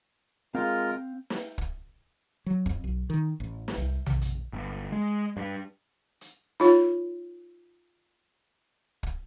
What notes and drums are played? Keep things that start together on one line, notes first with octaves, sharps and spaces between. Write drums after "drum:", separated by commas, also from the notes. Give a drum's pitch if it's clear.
G#3 C4 F4 A#4 F5
drum: snare
drum: kick
F#3
F2, drum: kick
B1
D#3
A1
drum: snare
C2
C3, drum: tom A#1
drum: hi-hat
G1
G#3
G2
drum: hi-hat
D#4 F4 C#5, drum: hi-hat
drum: kick